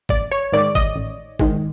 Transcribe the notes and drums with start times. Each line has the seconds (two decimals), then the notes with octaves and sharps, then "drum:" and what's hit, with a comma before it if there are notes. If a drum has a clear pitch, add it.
0.09 A1 D5, drum: kick G#1
0.31 C#5
0.52 G#2 D#3 G#3 D5
0.75 D#5, drum: kick G#1
0.96 A1
1.39 G#2 D#3 G#3, drum: kick G#1